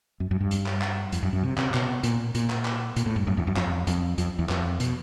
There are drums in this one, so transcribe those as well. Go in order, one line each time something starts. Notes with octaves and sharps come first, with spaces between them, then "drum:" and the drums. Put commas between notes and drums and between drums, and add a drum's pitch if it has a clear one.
F#2
F#2
G2
drum: hi-hat
drum: clap
drum: clap
F2, drum: hi-hat
F#2
F#2
C3
C3, drum: clap
B2, drum: clap
A#2, drum: hi-hat
A#2, drum: hi-hat
drum: clap
drum: clap
A#2, drum: hi-hat
A2
G2
F#2
E2
F#2
F2, drum: clap
F2, drum: hi-hat
F2, drum: hi-hat
E2
F2, drum: clap
B2, drum: hi-hat